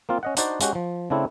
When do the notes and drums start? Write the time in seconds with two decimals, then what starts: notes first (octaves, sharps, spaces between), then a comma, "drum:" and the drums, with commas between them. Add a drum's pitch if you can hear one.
0.09 A#3 C4 F4
0.23 C#4 D#5 F#5
0.37 D4 D#4 F#4 C5 D5, drum: hi-hat
0.61 G#3 C#4 F#4 G4, drum: hi-hat
0.75 F3
1.10 C#3 A3 C4 D4 E4